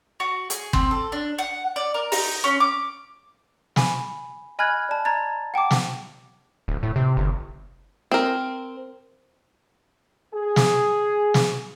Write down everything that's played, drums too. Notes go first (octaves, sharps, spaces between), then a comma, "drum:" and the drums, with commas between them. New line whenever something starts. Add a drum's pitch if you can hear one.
F#4
G#4, drum: hi-hat
C4, drum: kick G1
A4
D4
F#5
D5
A#4
D#4, drum: open hi-hat
C#4
D6
G#5 B5, drum: snare
D#5 G#5 B5 F6 F#6 G#6
D5 A5
A#5 G#6 A6
F#5 G5 A5 D6
drum: snare
D1
A2
C3
G1
C4 A#4
G#4
drum: snare
drum: snare